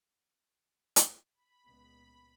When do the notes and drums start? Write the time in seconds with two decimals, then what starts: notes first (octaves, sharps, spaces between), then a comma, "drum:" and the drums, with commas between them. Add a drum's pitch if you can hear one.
0.96 drum: hi-hat
1.35 B5
1.65 C#2 A#2 B3